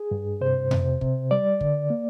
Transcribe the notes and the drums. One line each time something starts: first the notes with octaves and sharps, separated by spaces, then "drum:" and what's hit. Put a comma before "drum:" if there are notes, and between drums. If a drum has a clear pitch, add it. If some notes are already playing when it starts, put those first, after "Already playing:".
Already playing: G#4
G2
C3 C5
C3, drum: tom F2
C3, drum: kick
G3 D5
D3, drum: kick
A#3